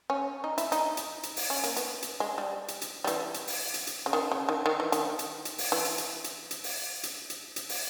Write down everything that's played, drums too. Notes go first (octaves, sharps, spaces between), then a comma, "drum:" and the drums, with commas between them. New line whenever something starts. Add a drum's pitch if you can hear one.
C#4
D#4
E4, drum: hi-hat
D#4, drum: hi-hat
drum: hi-hat
drum: hi-hat
drum: open hi-hat
C#4
A#3, drum: hi-hat
B3, drum: hi-hat
drum: hi-hat
G#3
G3
drum: hi-hat
drum: hi-hat
G3
E3, drum: hi-hat
drum: hi-hat
drum: open hi-hat
drum: hi-hat
drum: hi-hat
C#3
D#3
C#3
D#3
D#3
E3
D#3, drum: hi-hat
drum: hi-hat
drum: hi-hat
drum: open hi-hat
E3
drum: hi-hat
drum: hi-hat
drum: hi-hat
drum: hi-hat
drum: open hi-hat
drum: hi-hat
drum: hi-hat
drum: hi-hat
drum: open hi-hat